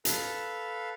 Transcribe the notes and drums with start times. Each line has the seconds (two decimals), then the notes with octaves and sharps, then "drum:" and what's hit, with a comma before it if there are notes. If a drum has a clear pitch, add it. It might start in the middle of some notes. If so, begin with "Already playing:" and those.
0.05 A4 B4 F5, drum: hi-hat